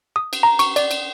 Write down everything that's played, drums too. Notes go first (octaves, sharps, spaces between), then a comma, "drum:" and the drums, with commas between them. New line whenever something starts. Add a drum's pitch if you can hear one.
D#6
drum: cymbal
A#5
C#6, drum: cymbal
D5, drum: cymbal
drum: cymbal